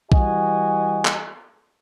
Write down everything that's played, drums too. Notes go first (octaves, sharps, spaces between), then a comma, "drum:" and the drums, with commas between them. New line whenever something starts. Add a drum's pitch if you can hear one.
E3 G3 F#4 D#5 G#5, drum: kick B1
drum: clap